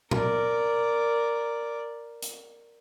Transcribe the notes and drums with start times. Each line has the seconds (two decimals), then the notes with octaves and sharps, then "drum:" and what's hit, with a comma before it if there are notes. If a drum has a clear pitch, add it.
0.11 A#4 D5, drum: tom A#2
2.22 drum: hi-hat